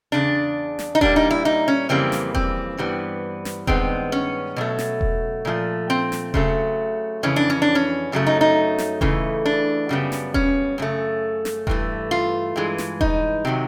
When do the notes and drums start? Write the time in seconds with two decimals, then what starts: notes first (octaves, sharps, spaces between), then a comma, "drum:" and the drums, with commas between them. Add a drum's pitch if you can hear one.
0.12 E2 C#3 D4
0.79 drum: snare
0.95 D#4
1.01 A#2 G3 A#3 D4, drum: kick E1
1.16 D#4
1.31 E4
1.45 D#4
1.68 C#4
1.89 F2 C#3 E3 G3 A#3 C4
2.12 drum: snare
2.35 C4, drum: kick E1
2.78 G2 E3 G3 B3
3.45 drum: snare
3.67 G2 D#3 G#3 B3 C4, drum: kick E1
4.12 C#4
4.56 B2 F#3 A3
4.79 drum: snare
5.01 drum: kick E1
5.45 A#2 F3 A3
5.90 C4
6.12 drum: snare
6.34 C#3 F#3 A3, drum: kick E1
7.23 F2 C#3 E3 C#4
7.36 D4
7.50 C#4
7.62 D4
7.75 C#4
8.12 F#2 C#3 F#3 A3
8.27 D#4
8.41 D#4
8.78 drum: snare
9.01 C#3 E3 A3, drum: kick E1
9.45 D4
9.89 F#2 C#3 G3 B3
10.12 drum: snare
10.34 C#4, drum: kick E1
10.78 F#2 C#3 A3
11.45 drum: snare
11.67 G2 E3 A3, drum: kick E1
12.11 F4
12.56 G2 E3 G#3
12.78 drum: snare
13.01 D#4, drum: kick E1
13.45 C3 D#3 F#3